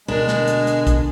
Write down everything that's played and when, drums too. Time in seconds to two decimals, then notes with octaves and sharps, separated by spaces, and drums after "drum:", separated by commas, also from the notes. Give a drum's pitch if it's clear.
0.08 D2 B2 G#3 D4 A#4
0.28 drum: snare
0.48 drum: hi-hat
0.67 drum: hi-hat
0.87 drum: kick A#1, hi-hat